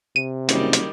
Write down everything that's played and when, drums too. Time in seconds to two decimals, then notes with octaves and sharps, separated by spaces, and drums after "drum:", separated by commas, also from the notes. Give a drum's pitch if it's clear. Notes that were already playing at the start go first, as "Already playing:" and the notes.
0.16 C3 D#7
0.49 F#1 D#3 G3, drum: hi-hat
0.73 drum: hi-hat